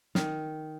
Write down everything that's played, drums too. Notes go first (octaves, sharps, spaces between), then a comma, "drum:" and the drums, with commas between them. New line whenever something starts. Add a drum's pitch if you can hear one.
D#3, drum: snare